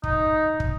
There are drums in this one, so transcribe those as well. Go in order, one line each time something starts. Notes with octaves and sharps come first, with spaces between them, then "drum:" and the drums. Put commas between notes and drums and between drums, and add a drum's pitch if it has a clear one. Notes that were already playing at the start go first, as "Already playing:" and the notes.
D#4, drum: kick
drum: kick